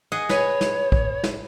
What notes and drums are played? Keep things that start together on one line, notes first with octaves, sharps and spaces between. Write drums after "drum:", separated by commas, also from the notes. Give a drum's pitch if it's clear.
G#4 D#5 F#5
B4 C#5 G#5, drum: snare
drum: snare
drum: kick
drum: snare